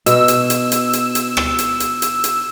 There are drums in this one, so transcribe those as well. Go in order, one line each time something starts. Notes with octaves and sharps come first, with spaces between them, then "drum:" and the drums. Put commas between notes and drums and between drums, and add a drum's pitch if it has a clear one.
B2 E6, drum: hi-hat
drum: hi-hat
drum: hi-hat
drum: hi-hat
drum: hi-hat
drum: hi-hat
drum: rim click
drum: hi-hat
drum: hi-hat
drum: hi-hat
drum: hi-hat